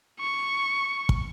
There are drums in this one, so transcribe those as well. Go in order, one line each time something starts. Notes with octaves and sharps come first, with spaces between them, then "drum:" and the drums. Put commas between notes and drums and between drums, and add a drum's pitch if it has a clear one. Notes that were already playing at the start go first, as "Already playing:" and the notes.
C#6
drum: kick